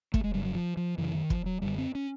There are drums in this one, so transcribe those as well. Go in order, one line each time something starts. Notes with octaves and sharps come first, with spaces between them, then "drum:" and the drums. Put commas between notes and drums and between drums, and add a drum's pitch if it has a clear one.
A3, drum: kick
G#3
F#2 C#3 G3
F#3
F3
F3
F#2 C#3 E3
D#3
F3, drum: kick
F#3
F#2 D3 G3
C4
C#4